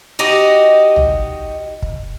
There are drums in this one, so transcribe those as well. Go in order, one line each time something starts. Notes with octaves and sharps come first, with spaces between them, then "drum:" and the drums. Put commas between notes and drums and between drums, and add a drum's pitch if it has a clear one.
D#4 F#4 G4 D#5
drum: tom A#1
drum: kick